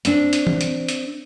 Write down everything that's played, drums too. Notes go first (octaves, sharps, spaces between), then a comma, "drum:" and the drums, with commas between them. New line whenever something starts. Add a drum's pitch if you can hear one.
C4 D4, drum: hi-hat
drum: hi-hat
drum: tom E3
drum: hi-hat
drum: hi-hat